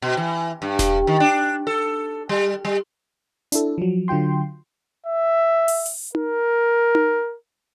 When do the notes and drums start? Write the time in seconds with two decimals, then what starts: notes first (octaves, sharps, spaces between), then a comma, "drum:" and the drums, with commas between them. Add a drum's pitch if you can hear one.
0.02 B2
0.17 E3
0.62 G2
0.79 drum: snare E1
1.07 D#3
1.20 D4
1.67 A4
2.29 G3
2.65 G3
3.52 D4 E4 A4, drum: hi-hat
3.78 F3 F#3
4.08 D3 F#3 F4 G5 C6
5.06 E5
5.68 drum: open hi-hat
5.86 drum: open hi-hat
6.15 A#4, drum: tom D#4
6.95 drum: tom D#4